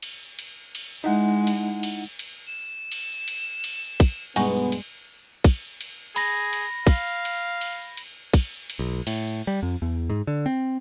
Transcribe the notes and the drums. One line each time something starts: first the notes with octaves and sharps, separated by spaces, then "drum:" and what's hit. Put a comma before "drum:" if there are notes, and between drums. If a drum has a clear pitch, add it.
drum: cymbal
drum: cymbal
drum: cymbal
G#3 D#4 E4 F#5
drum: cymbal
drum: cymbal
drum: cymbal
E7
drum: cymbal
drum: cymbal
drum: cymbal
drum: kick, cymbal
B1 G2 G#3 B3 D#4 F#4 G#4, drum: cymbal
drum: cymbal
drum: kick, cymbal
drum: cymbal
G#4 B5 A#6, drum: cymbal
drum: cymbal
F5, drum: kick, cymbal
drum: cymbal
drum: cymbal
drum: cymbal
drum: kick, cymbal
drum: cymbal
B1
A2, drum: cymbal
G3
F2
E2
G#2
D3
C4